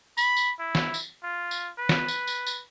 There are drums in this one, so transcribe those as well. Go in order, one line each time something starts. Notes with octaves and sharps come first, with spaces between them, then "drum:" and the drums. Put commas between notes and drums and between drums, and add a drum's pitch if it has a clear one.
B5, drum: tambourine
drum: tambourine
E4
drum: snare
drum: tambourine
F4
drum: tambourine
B4
drum: snare
drum: tambourine
drum: tambourine
drum: tambourine